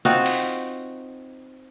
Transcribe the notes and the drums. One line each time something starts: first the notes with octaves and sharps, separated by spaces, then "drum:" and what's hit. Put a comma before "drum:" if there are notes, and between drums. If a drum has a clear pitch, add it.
C4 D#4 F4 F#4
drum: open hi-hat